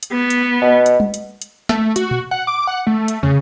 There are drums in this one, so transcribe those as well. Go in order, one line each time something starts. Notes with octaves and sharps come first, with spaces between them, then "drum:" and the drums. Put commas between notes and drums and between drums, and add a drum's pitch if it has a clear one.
drum: hi-hat
B3
drum: hi-hat
B2
drum: hi-hat
drum: tom
drum: hi-hat
drum: hi-hat
A3, drum: snare
F#4, drum: hi-hat
drum: tom A#2
F#5
D6
F#5
A3
drum: hi-hat
C#3, drum: tom